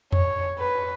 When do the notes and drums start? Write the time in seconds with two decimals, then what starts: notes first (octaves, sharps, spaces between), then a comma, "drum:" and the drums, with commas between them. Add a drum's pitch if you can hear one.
0.12 C#5, drum: tom E2
0.59 B4